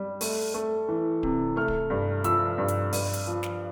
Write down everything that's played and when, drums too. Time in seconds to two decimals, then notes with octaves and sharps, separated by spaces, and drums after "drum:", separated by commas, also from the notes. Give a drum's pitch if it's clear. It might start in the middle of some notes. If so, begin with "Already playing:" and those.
Already playing: G3
0.21 A3, drum: open hi-hat
0.54 A3
0.89 E3
1.23 C3, drum: kick D1
1.56 A3 F6
1.68 drum: kick D1
1.90 G2
2.24 F3 E6, drum: hi-hat
2.58 G2
2.68 drum: hi-hat
2.93 G2, drum: open hi-hat
3.14 drum: hi-hat
3.27 F3
3.43 drum: snare